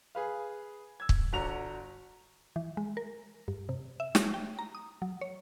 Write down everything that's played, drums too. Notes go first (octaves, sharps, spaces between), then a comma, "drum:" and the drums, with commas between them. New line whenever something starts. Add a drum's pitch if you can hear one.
G#4 B4 F5
E6 G#6
drum: kick
G1 D3 F#4 A#5 F7
E3
G#3
A#4
G2
C3
E5
G#3, drum: snare
G5
A#5
D#6
F#3
C#5